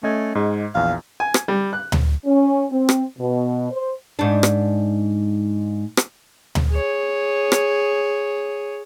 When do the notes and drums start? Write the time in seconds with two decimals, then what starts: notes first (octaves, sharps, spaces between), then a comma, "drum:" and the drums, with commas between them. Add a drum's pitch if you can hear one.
0.03 A3 C#4 D#5 G#6
0.35 G#2 G#3
0.75 A#1 E2 F5
1.20 G#5
1.34 drum: rim click
1.48 G3
1.73 F#6
1.92 drum: tom D2
2.25 C#4
2.71 C4
2.89 drum: rim click
3.19 B2
3.71 C5
4.19 G#2 D4
4.43 drum: rim click
5.97 drum: rim click
6.55 drum: tom D2
6.70 G#4 C#5
7.52 drum: rim click